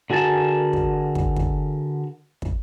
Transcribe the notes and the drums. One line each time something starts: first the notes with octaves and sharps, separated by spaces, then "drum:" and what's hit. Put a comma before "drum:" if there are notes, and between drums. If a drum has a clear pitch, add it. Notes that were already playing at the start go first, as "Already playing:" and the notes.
D3 F#4 G#4 A#4 A5
drum: kick
drum: kick
drum: kick
drum: kick